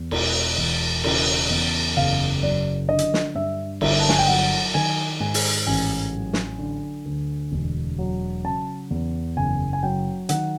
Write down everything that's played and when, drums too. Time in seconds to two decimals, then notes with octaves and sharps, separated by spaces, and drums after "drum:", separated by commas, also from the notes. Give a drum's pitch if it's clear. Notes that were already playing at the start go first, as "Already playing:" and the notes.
Already playing: E2
0.11 E1, drum: cymbal
0.57 E1
1.04 C#3, drum: cymbal
1.50 E2
1.97 F#1 F5
2.42 F#3 D5
2.89 D3 D#5
2.99 drum: hi-hat
3.14 drum: snare
3.35 G2 E5
3.81 G1 E5, drum: cymbal
3.99 A5
4.09 G#5, drum: snare
4.19 G5
4.28 F#3 F#5
4.74 D#3 G#5
5.20 G#2 G#5
5.34 drum: open hi-hat
5.67 A1 G#5
6.14 F#3
6.33 drum: snare
6.59 D3
7.05 D2
7.52 E1
7.98 F#3
8.44 C#3 A5
8.91 E2
9.37 F#1 G#5
9.73 G#5
9.83 F#3 G5
10.29 D#3 F#5, drum: hi-hat